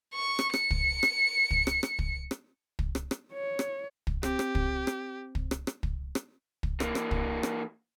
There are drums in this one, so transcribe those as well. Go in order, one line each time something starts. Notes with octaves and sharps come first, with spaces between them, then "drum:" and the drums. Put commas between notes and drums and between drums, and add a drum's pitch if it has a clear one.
C#6
drum: rim click
C#7, drum: rim click
drum: kick
drum: rim click
drum: kick
drum: rim click
drum: rim click
drum: kick
drum: rim click
drum: kick
drum: rim click
drum: rim click
C#5
drum: rim click
drum: kick
C4 G4, drum: rim click
drum: rim click
drum: kick
drum: rim click
drum: kick
drum: rim click
drum: rim click
drum: kick
drum: rim click
drum: kick
E3 A#3, drum: rim click
drum: rim click
drum: kick
drum: rim click